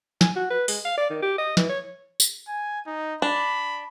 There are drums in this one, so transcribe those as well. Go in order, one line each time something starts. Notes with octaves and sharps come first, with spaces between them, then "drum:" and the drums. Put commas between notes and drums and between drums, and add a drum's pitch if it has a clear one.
G#5, drum: snare
F#4
B4
G#3, drum: open hi-hat
F5
D5
D#3
G4
D#5
E3, drum: snare
C#5
drum: tambourine
G#5
D#4
D4 B5